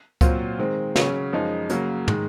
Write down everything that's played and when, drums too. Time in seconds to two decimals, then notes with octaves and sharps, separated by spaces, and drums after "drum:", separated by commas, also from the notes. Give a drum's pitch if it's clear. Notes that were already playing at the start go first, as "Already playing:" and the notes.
0.21 A#2 F#3 C4 F4 C5, drum: kick C#2, hi-hat
0.58 D#3 G#3 C4
0.96 C#3 F#3 C#4, drum: snare
1.33 F#2 F3 G#3 D#4
1.69 C#3 F#3 A#3, drum: hi-hat
2.08 D#3 G#3, drum: tom